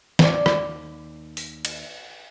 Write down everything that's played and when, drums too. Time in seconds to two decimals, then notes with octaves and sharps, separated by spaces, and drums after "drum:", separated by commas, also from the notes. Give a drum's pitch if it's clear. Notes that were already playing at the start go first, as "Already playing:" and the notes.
0.19 D#2 D5, drum: snare
0.46 drum: rim click
1.37 drum: open hi-hat
1.65 drum: cymbal